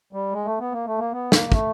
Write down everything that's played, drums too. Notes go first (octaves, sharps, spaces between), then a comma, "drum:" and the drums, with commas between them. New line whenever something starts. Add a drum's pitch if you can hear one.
G3
G#3
A3
B3
A#3
A3
A#3
B3
A#3, drum: snare
A3, drum: kick